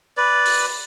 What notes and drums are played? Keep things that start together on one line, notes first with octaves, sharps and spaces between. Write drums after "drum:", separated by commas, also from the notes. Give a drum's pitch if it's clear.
B4 D5
drum: open hi-hat